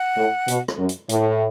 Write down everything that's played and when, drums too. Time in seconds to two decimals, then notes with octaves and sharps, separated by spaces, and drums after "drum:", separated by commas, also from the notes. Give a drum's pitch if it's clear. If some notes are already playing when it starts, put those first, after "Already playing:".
Already playing: F#5
0.17 A2
0.48 B2, drum: hi-hat
0.68 drum: rim click
0.78 F#2
0.89 drum: hi-hat
1.09 A2, drum: hi-hat